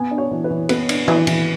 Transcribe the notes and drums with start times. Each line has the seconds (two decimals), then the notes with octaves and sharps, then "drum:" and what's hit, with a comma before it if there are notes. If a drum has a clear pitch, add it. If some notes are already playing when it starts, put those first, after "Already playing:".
Already playing: B3 G#5
0.11 D4
0.18 C#5
0.31 E3
0.44 B4
0.51 E3
0.69 B3 B4, drum: cymbal
0.89 D4, drum: cymbal
1.08 E3, drum: tom
1.27 E3, drum: cymbal